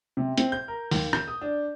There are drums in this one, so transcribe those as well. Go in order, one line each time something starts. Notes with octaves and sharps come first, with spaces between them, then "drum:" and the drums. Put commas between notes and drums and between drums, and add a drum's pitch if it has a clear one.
C3
C4, drum: hi-hat
G6
A#4
D#2, drum: open hi-hat
G6, drum: rim click
D#6
D4